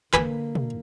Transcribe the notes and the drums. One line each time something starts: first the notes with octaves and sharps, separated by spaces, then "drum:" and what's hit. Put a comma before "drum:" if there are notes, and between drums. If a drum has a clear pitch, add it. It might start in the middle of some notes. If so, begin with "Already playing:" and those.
D3 A#3 B4 G#5 B5, drum: clap
drum: tom